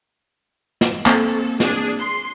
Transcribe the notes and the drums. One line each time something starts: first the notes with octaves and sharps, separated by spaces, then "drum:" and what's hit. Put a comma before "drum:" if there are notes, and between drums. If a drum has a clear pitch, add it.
drum: snare
A#3 C4 A4, drum: clap
D4 G#4, drum: snare
C6